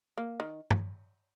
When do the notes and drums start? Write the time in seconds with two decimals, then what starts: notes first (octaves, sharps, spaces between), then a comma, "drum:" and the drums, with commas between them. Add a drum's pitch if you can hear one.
0.18 A#3
0.40 D#3
0.70 drum: tom